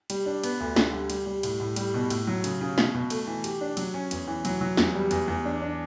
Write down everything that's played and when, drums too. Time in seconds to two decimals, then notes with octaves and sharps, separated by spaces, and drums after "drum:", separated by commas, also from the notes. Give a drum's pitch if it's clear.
0.10 G3, drum: cymbal
0.26 D4
0.44 B3, drum: cymbal
0.60 D2
0.76 D3, drum: snare
0.93 G3
1.10 G3, drum: cymbal
1.26 G3
1.43 A2, drum: cymbal
1.60 A2
1.76 G3, drum: cymbal
1.94 B2
2.10 A2, drum: cymbal
2.27 F#3
2.44 C#3, drum: cymbal
2.61 C#3
2.78 B2, drum: snare
2.94 B2
3.10 A3, drum: cymbal
3.27 E3
3.44 G4, drum: cymbal
3.61 D4
3.77 F#3, drum: cymbal
3.94 C#4
4.11 E2, drum: cymbal
4.27 E3
4.45 F#3, drum: cymbal
4.61 F#3
4.77 E2, drum: snare
4.95 G3
5.11 E2, drum: cymbal
5.28 E2
5.45 D4
5.62 D4